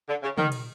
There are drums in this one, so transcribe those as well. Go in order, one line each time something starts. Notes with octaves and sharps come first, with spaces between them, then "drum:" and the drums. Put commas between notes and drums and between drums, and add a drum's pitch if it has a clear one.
D3
C#3
D#3, drum: tom
drum: cymbal